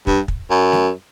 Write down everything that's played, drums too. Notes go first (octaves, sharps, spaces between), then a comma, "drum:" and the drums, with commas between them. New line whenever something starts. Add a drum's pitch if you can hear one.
G2, drum: kick
drum: kick
F#2
drum: snare